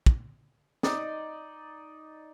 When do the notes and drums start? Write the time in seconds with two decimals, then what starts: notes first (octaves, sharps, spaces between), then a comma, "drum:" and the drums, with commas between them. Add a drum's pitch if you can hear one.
0.06 drum: kick
0.83 D#4 D5 D#5, drum: snare